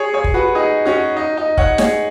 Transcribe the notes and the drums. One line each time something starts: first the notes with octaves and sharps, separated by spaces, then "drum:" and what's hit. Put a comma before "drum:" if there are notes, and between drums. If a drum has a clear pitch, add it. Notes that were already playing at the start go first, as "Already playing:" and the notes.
Already playing: G#4 C#5
G#4 C#5
drum: kick
F#4 B4
D#4 G#4
C#4 F#4
D#4
D#4
C#5 F#5, drum: kick
G#4 C#5, drum: snare